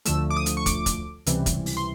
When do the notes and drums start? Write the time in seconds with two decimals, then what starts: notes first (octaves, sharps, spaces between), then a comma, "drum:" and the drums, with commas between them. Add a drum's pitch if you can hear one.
0.05 D2 D3 F3 A3 E6, drum: hi-hat
0.30 D6
0.37 D#6
0.46 drum: hi-hat
0.57 C#6
0.66 D6, drum: kick, hi-hat
0.86 drum: kick, hi-hat
1.26 C#2 C3 E3 G3, drum: hi-hat
1.46 drum: kick, hi-hat
1.66 drum: open hi-hat
1.77 C6